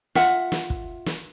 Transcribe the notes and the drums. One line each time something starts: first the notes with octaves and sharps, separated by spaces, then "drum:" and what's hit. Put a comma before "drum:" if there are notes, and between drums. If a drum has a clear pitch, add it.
F4 E5 F#5, drum: snare
drum: snare
drum: kick
drum: snare